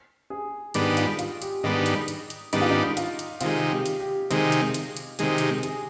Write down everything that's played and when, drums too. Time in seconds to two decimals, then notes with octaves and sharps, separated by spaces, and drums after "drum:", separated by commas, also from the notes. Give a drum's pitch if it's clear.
0.30 G#4
0.74 G#2 D#3 G3 B3 D4 G4, drum: hi-hat
0.97 F4, drum: hi-hat
1.19 F4, drum: hi-hat
1.42 G4, drum: hi-hat
1.63 G#2 D#3 G3 B3 D4 D#4
1.86 drum: hi-hat
2.08 drum: hi-hat
2.30 drum: hi-hat
2.53 G#2 D#3 G3 B3 D4 D#4, drum: hi-hat
2.61 F4
2.70 D#4
2.97 F4, drum: hi-hat
3.19 drum: hi-hat
3.41 C3 D#3 G#3 F4, drum: hi-hat
3.71 G4
3.86 drum: hi-hat
4.00 G4
4.31 C3 D#3 G#3, drum: hi-hat
4.52 drum: hi-hat
4.74 drum: hi-hat
4.97 drum: hi-hat
5.19 C3 D#3 G#3 G#4, drum: hi-hat
5.29 G4
5.38 G#4, drum: hi-hat
5.63 G#4, drum: hi-hat